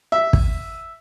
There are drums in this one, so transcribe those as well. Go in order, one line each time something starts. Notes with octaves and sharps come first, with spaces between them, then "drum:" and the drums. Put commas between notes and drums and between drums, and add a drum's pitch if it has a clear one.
E5
drum: kick